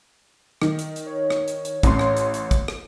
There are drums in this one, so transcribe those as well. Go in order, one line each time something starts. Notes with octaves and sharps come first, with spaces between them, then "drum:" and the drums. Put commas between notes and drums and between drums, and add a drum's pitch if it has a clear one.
D#3, drum: rim click
drum: hi-hat
drum: hi-hat
C#5
drum: rim click
drum: hi-hat
drum: hi-hat
A1 C#4 C6, drum: kick, hi-hat
drum: rim click
drum: hi-hat
drum: hi-hat
drum: kick, hi-hat
drum: rim click